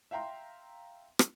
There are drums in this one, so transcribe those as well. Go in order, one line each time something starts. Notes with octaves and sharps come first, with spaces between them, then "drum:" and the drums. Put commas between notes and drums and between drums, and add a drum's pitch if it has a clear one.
E5 F5 G5 A#5 C6
drum: rim click